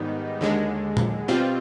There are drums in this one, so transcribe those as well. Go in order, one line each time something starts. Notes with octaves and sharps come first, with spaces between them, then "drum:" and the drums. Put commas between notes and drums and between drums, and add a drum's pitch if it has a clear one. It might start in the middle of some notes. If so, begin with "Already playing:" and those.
Already playing: G#2 D#3 G3 B3 D#4
D#2 D3 G#3
drum: tom A#2
B2 G3 C4 F4